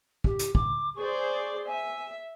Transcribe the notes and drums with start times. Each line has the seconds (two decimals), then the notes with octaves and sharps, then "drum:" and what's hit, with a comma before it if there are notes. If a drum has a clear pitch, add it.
0.24 G4, drum: kick
0.39 drum: hi-hat
0.55 D6, drum: kick
0.96 G#4 C5 D5 C#6
1.66 E5 G#5